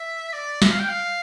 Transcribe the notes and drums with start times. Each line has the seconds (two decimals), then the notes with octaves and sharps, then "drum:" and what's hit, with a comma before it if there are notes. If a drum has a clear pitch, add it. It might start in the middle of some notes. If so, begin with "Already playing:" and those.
Already playing: E5
0.33 D5
0.62 E5, drum: snare
0.70 F5
0.80 G5
0.89 F5